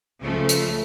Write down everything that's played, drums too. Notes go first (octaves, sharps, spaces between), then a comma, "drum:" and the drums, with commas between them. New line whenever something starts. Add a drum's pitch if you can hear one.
C#2 C#3 F3 A3
drum: hi-hat